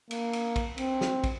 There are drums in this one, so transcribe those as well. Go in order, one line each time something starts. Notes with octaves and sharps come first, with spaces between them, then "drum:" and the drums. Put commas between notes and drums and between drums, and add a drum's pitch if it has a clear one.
A#3, drum: cymbal
drum: cymbal
drum: kick, cymbal
C4, drum: cymbal
drum: snare
drum: kick, cymbal